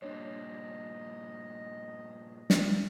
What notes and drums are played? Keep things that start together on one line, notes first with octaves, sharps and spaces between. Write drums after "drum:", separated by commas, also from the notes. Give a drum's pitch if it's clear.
G2 A#2 D4 C#5 D#5
drum: snare